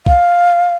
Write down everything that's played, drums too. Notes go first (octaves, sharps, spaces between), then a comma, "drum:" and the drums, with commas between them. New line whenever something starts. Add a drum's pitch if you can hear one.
F5, drum: kick